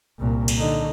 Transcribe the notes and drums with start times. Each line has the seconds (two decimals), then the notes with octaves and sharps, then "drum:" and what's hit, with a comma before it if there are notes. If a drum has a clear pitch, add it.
0.19 C2 A#2
0.48 drum: cymbal
0.58 D3 D#4